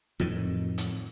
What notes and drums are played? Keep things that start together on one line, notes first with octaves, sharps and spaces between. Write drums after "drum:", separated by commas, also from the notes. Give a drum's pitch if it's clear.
F2 A2 D#3
drum: hi-hat